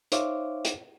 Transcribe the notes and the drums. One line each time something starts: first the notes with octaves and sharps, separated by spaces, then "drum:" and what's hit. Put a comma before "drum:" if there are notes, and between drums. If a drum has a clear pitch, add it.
D#4 C5 C#5 E5 F5 D6, drum: hi-hat
drum: hi-hat